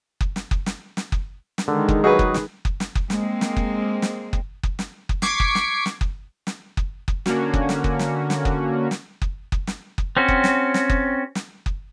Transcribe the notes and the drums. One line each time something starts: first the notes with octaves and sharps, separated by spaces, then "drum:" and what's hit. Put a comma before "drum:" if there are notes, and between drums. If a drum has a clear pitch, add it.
drum: kick F#1
drum: snare
drum: kick F#1
drum: snare
drum: snare
drum: kick F#1
drum: snare
D3 D#3 G#3
drum: kick F#1
F#3 D#4 F#4 G#4 B4
drum: kick F#1
drum: snare
drum: kick F#1
drum: snare
drum: kick F#1
G#3 A#3 C4, drum: snare
drum: snare
drum: kick F#1
drum: snare
drum: kick F#1
drum: kick F#1
drum: snare
drum: kick F#1
C#6 D6 G#6 B6 C7 D7, drum: snare
drum: kick F#1
drum: snare
drum: snare
drum: kick F#1
drum: snare
drum: kick F#1
drum: kick F#1
D3 A#3 C#4 F#4, drum: snare
drum: kick F#1
drum: snare
drum: kick F#1
drum: snare
drum: snare
drum: kick F#1
drum: snare
drum: kick F#1
drum: kick F#1
drum: snare
drum: kick F#1
C4 C#4 F#4
drum: kick F#1
drum: snare
drum: snare
drum: kick F#1
drum: snare
drum: kick F#1